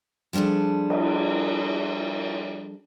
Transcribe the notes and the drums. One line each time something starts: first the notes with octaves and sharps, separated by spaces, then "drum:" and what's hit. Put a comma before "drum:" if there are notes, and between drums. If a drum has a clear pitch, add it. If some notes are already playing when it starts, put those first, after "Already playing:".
F3 G3 D4 G#4 A4
drum: cymbal